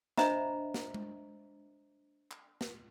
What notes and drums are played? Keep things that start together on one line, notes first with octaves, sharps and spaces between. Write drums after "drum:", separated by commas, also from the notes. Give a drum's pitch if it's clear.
D4 C5 D#5 E5 A#5 B5, drum: snare
drum: snare
drum: tom G#3
drum: clap
drum: snare